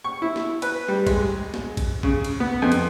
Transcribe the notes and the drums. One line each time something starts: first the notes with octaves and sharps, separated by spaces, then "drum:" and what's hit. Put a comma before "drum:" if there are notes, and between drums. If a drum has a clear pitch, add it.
C#6
E4
drum: snare
B4, drum: cymbal
G3
G#3, drum: kick, cymbal
drum: snare
drum: kick, cymbal
C#3, drum: kick
drum: cymbal
B3
F2
drum: cymbal